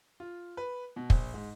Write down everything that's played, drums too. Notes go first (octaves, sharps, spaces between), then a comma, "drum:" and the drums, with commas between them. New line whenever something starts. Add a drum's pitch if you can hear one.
F4
B4
B2
A#1, drum: kick
G#2